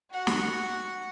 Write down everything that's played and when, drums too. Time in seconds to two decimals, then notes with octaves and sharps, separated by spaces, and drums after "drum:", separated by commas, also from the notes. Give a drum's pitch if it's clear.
0.11 F#4 F#5
0.27 drum: snare